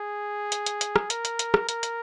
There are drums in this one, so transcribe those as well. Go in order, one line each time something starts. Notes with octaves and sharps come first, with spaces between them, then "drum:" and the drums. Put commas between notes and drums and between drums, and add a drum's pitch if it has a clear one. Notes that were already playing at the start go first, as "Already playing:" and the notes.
Already playing: G#4
drum: hi-hat
drum: hi-hat
drum: hi-hat
drum: rim click
A#4, drum: hi-hat
drum: hi-hat
drum: hi-hat
drum: rim click
A#4, drum: hi-hat
drum: hi-hat